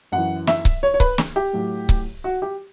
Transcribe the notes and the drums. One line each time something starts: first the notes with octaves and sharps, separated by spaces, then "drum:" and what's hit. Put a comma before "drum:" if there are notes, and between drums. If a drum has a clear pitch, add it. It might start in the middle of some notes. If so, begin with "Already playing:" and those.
F#2 E3 F#5
E5, drum: snare
drum: kick C#1
C#5
C#5
B4, drum: kick C#1
drum: snare
G4
A2 F#3
drum: kick C#1
F#4
G4